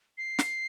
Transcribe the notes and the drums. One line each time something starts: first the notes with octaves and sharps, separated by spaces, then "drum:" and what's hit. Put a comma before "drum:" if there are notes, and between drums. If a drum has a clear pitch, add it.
C7
drum: snare